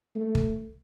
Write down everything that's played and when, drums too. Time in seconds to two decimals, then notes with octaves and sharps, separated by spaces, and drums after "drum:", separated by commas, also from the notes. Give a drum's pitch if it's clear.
0.15 A3
0.35 drum: kick